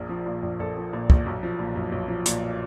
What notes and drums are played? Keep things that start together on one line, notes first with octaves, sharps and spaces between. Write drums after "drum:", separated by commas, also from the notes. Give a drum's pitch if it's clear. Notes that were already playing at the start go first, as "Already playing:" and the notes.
Already playing: A#1 G#4 A#4
F3
A#2
A#1
A#1 A4
F3
A#2
A#1, drum: kick
B1
F3
A#2
B1
B1
F3
A#2, drum: hi-hat